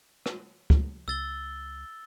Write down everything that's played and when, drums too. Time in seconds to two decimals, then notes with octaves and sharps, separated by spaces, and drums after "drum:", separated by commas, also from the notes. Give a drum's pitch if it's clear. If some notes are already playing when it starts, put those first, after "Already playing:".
0.26 drum: rim click
0.70 drum: kick
1.08 C#2 E6 A6 G7